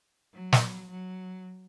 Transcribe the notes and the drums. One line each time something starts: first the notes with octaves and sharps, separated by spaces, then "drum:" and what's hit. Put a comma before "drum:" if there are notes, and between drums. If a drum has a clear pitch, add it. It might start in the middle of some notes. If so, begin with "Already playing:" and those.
F#3
drum: snare
F#3